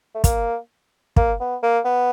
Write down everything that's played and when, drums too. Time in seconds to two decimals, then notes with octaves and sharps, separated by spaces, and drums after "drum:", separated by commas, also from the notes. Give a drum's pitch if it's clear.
0.14 A3
0.24 A#3, drum: kick, hi-hat
1.17 A#3, drum: kick
1.40 B3
1.63 A#3
1.85 B3